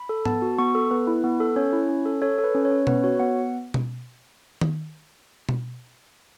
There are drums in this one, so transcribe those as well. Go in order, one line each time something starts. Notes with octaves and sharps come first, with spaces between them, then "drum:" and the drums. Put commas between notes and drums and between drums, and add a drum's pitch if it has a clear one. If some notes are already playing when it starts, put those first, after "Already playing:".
Already playing: B5
A4
B3 A5, drum: tom G#2
F#4
B3 C#6
A4
B3 B4
E4
B3
A4
C#4 C#5
E4
C#4
A4
A4 C#5
A4
B4
C#4
C#5
C#4
B3 B4, drum: tom B2
F#4 C#5
B3 F#5
drum: tom B2
drum: tom D#3
drum: tom B2